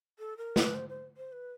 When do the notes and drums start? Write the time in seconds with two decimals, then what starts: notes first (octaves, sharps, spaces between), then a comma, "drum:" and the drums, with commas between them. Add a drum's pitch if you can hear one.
0.19 A4
0.37 A#4
0.56 B4, drum: snare
0.74 C5
0.89 C5
1.17 C5
1.32 B4